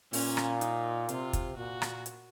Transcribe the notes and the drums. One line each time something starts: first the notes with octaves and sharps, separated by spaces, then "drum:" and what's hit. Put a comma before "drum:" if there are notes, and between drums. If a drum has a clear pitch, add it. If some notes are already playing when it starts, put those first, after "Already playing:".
A#2 C#4, drum: open hi-hat
drum: rim click
D#4, drum: hi-hat
C3 F4, drum: hi-hat
drum: kick, hi-hat
A#2 F#4
drum: rim click
drum: hi-hat